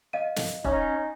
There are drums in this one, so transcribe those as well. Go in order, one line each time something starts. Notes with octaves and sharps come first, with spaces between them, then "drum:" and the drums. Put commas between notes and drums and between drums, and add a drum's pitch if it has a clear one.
D#5 F5 D#7
drum: snare
C#4 D#4, drum: kick E1